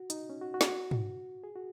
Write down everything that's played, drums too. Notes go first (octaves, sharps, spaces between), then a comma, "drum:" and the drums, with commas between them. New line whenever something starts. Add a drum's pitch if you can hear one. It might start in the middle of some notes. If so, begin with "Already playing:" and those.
Already playing: F#4
D#4, drum: hi-hat
C#4
F#4
F#4
G#4, drum: snare
F#4
drum: tom
G#4
F#4